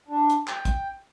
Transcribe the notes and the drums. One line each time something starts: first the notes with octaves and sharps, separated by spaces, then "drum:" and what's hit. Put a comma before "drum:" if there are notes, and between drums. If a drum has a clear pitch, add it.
D4
drum: hi-hat
G5, drum: clap
drum: kick, hi-hat